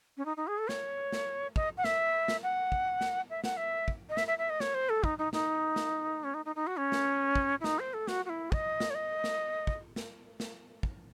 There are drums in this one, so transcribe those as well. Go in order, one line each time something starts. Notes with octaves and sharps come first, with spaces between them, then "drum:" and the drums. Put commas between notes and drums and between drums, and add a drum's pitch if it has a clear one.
C#4
D#4
D#4
G#4
A4
C#5, drum: snare
drum: snare
D#5, drum: kick
F#5
E5, drum: snare
drum: snare
F#5
drum: kick
drum: snare
E5
F#5, drum: snare
E5
drum: kick
D#5
E5, drum: snare
E5
E5
D#5
C#5, drum: snare
C5
A4
D#4, drum: kick
D#4
D#4, drum: snare
drum: snare
C#4
D#4
D#4
D#4
F#4
C#4
drum: snare
drum: kick
E4
D#4, drum: snare
C5
A4
F#4, drum: snare
F#4
E4
D#5, drum: kick
drum: snare
C#5
D#5
drum: snare
drum: kick
drum: snare
drum: snare
drum: kick